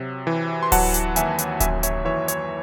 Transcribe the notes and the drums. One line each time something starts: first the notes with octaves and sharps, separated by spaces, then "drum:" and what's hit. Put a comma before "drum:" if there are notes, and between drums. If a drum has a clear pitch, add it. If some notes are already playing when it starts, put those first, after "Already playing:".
Already playing: C3 F#3
E3
C6
F#3 F#5 A5, drum: kick D1, open hi-hat
drum: hi-hat
D#2 E5 G#5, drum: hi-hat
drum: hi-hat
F#2 E5 G#5, drum: kick D1, hi-hat
C#5 E5, drum: hi-hat
E3 C#5 E5
C#5, drum: hi-hat